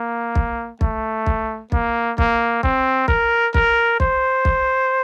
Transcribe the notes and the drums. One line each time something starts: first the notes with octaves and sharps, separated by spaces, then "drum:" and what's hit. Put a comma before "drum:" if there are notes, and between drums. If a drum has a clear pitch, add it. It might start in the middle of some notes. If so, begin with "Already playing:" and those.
Already playing: A#3
drum: kick
A3, drum: kick
drum: kick
A#3, drum: kick
A#3, drum: kick
C4, drum: kick
A#4, drum: kick
A#4, drum: kick
C5, drum: kick
drum: kick